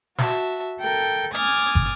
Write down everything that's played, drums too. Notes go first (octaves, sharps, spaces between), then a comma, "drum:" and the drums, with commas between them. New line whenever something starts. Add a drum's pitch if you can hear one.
F#4 E5 A5, drum: snare
A4 A#4 G5
G#5 D6 D#6 F6 G#6 A6, drum: hi-hat
drum: kick